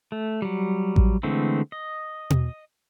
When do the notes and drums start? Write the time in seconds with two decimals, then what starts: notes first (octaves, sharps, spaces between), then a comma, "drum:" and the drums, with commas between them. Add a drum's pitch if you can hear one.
0.12 A3
0.42 F#3 G3
0.96 drum: kick A1
1.23 D3 E3 G#3 A3 C4
1.72 D#5
2.30 drum: tom B2